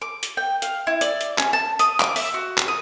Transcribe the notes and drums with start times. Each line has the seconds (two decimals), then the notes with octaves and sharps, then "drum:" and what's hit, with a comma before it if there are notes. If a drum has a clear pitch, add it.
0.02 D6
0.23 drum: hi-hat
0.37 G5
0.62 F5, drum: hi-hat
0.87 E4
1.01 D5, drum: hi-hat
1.21 drum: hi-hat
1.38 C#4, drum: clap
1.53 A5
1.79 D#6, drum: hi-hat
2.00 D6, drum: clap
2.16 E5, drum: open hi-hat
2.34 F#4
2.58 drum: clap
2.68 D#6